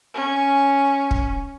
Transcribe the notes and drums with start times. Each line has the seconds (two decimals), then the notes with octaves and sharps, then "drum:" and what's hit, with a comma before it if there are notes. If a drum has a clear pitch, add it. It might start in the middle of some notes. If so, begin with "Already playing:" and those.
0.14 C#4
1.11 drum: kick